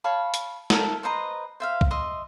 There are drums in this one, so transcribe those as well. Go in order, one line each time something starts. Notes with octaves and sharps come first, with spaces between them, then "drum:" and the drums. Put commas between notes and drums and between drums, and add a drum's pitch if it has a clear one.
C#5 F5 A5 B5
drum: hi-hat
A4 A#4 E5, drum: snare
B4 C5 D#5 A#5
C5 E5 F5
drum: kick
D#5 E5 C6